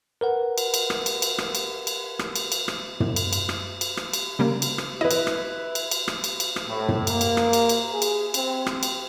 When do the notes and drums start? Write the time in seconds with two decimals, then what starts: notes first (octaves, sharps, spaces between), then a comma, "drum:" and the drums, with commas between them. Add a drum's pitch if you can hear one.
0.21 A#4 B4 F#5
0.58 drum: cymbal
0.74 drum: cymbal
0.90 drum: rim click
1.06 drum: cymbal
1.22 drum: cymbal
1.38 drum: rim click
1.55 drum: cymbal
1.87 drum: cymbal
2.19 drum: rim click
2.36 drum: cymbal
2.52 drum: cymbal
2.68 drum: rim click
3.00 drum: tom
3.16 drum: cymbal
3.33 drum: cymbal
3.49 drum: rim click
3.81 drum: cymbal
3.97 drum: rim click
4.13 drum: cymbal
4.39 C#3 G3 A#3
4.62 drum: cymbal
4.78 drum: rim click
5.01 E4 B4 D#5
5.11 drum: cymbal
5.27 drum: rim click
5.75 drum: cymbal
5.91 drum: cymbal
6.08 drum: rim click
6.24 drum: cymbal
6.40 drum: cymbal
6.56 drum: rim click
6.67 A2
6.89 drum: tom
7.07 A#3, drum: cymbal
7.21 drum: cymbal
7.37 drum: rim click
7.53 drum: cymbal
7.69 drum: cymbal
7.92 G#4
8.02 drum: cymbal
8.34 C4, drum: cymbal
8.66 drum: rim click
8.83 drum: cymbal